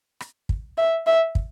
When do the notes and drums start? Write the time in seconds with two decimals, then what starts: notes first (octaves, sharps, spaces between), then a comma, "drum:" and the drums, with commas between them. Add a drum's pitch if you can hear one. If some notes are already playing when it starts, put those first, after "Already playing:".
0.20 drum: rim click
0.49 drum: kick
0.78 E5
1.07 E5
1.35 drum: kick